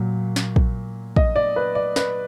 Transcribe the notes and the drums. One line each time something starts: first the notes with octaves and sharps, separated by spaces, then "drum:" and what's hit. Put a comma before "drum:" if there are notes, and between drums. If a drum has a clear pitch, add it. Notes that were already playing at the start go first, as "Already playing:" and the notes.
Already playing: A#2 F#3
drum: snare
drum: kick
D#5, drum: kick
D5
B4
D5
B4, drum: snare